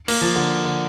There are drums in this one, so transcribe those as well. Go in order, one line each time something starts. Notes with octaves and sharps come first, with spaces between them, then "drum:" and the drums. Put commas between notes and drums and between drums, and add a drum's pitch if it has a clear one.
A#3, drum: cymbal
F3
D3
D3